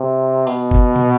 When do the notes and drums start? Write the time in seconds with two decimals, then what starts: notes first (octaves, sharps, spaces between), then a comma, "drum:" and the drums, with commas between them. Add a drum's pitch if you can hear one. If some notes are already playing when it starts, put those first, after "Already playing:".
Already playing: C3
0.47 B2, drum: open hi-hat
0.71 drum: kick F#1
0.96 drum: tom